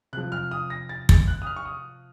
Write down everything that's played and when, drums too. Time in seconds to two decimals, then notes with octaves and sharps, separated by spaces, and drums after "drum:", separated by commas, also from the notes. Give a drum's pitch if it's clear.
0.13 C3 F3 F#6
0.32 F6
0.51 D#6
0.70 A#6
0.89 A6
1.09 A6, drum: kick
1.28 F#6
1.42 D#6
1.47 F6
1.56 C#6
1.65 D#6